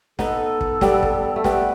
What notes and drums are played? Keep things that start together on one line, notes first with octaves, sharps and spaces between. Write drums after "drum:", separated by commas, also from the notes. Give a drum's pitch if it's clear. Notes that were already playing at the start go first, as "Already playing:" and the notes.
B3 D#4 A4, drum: snare
drum: kick
G3 B3, drum: snare
drum: kick
A3
G3 B3 B4, drum: snare